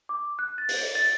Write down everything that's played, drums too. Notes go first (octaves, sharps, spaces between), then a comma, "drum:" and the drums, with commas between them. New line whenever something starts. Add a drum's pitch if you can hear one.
D6
F#6
A6
drum: open hi-hat
A6